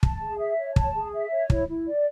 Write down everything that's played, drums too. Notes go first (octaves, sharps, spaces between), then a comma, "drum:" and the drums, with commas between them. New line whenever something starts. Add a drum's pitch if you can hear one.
A5, drum: kick
G#4
E5
C#5
A5, drum: kick
G#4
E5
C#5
E4, drum: kick
E4
D5